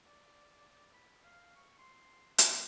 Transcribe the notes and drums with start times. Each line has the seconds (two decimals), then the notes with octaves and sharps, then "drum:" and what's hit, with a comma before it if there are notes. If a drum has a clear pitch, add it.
0.06 D5
0.94 B5
1.24 F5
1.55 C#6
1.78 C6
2.38 F#5, drum: hi-hat